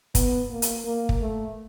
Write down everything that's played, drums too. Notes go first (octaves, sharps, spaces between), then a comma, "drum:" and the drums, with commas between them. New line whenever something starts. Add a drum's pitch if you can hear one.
B3, drum: kick, hi-hat
A#3
drum: hi-hat
A#3
drum: kick
A3